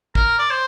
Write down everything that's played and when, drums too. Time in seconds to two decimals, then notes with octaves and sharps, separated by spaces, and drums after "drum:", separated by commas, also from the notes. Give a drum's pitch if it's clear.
0.15 A#4, drum: kick
0.39 D5
0.50 C5